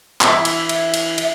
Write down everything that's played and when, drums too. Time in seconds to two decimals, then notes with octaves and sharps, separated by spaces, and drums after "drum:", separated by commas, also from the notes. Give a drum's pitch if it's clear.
0.21 E3 E4 E5, drum: clap
0.45 drum: cymbal
0.69 drum: cymbal
0.94 drum: cymbal
1.18 drum: cymbal